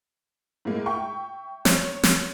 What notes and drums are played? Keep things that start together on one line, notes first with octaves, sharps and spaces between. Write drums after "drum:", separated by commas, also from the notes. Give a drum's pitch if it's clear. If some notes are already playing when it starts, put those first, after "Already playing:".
A2 G#3 A#3
E5 G5 C#6
C#5, drum: snare
drum: snare